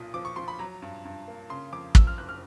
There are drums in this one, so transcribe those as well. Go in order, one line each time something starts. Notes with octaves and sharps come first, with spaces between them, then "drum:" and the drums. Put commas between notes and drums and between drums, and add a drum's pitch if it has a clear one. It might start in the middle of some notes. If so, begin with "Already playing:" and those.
Already playing: B1 A#2 D#6
F3 D6
C#6
F3 C6
B5
F#3 A#5
G2
G2
A#3
C#3 C6
F2 D6
F2 E6, drum: kick
F6
F#1 F#6
F6